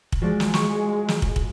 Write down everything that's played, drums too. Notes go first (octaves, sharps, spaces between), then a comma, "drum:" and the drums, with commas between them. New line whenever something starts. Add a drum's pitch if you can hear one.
drum: kick
F3 G#3 F#4 D5
drum: snare
C#6, drum: snare
drum: snare
drum: kick
drum: kick